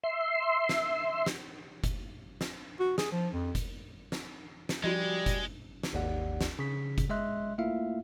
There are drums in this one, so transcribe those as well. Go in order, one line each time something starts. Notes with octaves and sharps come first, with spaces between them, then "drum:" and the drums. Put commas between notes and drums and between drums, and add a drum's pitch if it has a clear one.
E5 C6
drum: snare
drum: snare
drum: kick F#1, hi-hat
drum: snare
F#4
G#4, drum: snare
F3
F2
drum: kick F#1, hi-hat
drum: snare
drum: snare
F3 G3 G#3 F4 F#4 D#5
drum: kick F#1, hi-hat
drum: snare
G#1 D#2 G4 D5 F#5
drum: snare
C#3 B6
drum: kick F#1, hi-hat
G#3 D#5 E5 C6 F#6
A3 A#3 E4 F4 E5 F5